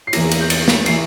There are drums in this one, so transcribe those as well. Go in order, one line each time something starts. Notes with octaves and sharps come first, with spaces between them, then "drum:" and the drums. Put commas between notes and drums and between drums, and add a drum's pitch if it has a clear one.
C7
E2 E3 A#3 E4 A#6, drum: cymbal
drum: cymbal
G6
A6, drum: cymbal
drum: snare
E3 A#3 E4 C7, drum: cymbal